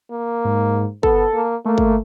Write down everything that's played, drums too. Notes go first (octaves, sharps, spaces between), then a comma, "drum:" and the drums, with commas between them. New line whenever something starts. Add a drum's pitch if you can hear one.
A#3
G#2
B3 A4, drum: kick G1
A#3
A3 A#3
drum: kick G1